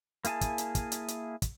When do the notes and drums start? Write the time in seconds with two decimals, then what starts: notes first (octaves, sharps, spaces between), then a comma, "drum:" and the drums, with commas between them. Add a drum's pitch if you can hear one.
0.25 A#3 E4 G#4 G#5 A5, drum: hi-hat
0.41 drum: kick, hi-hat
0.58 drum: hi-hat
0.75 drum: kick, hi-hat
0.92 drum: hi-hat
1.08 drum: hi-hat
1.42 drum: kick, hi-hat